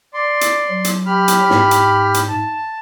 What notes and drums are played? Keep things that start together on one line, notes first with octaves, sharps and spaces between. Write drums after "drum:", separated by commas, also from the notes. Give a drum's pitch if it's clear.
D5 C6
drum: hi-hat
F#3
drum: hi-hat
G4 B5 F6
drum: hi-hat
G#2, drum: snare
drum: hi-hat
drum: hi-hat
A5